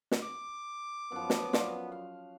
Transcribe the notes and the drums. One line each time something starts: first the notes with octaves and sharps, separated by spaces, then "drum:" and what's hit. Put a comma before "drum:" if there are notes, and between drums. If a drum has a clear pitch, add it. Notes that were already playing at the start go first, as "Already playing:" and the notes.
drum: snare
D6
F#2 F3 B3
drum: snare
F4 D5 A5, drum: snare
F5